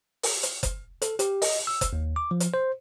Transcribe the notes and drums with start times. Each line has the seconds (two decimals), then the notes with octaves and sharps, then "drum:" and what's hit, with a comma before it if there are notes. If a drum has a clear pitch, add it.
0.23 drum: open hi-hat
0.43 drum: hi-hat
0.63 drum: kick F#1, hi-hat
1.02 A4, drum: hi-hat
1.19 G4, drum: hi-hat
1.42 D#5, drum: open hi-hat
1.67 E6
1.81 drum: kick F#1, hi-hat
1.93 D#2
2.16 D6
2.31 F3
2.40 drum: hi-hat
2.54 C5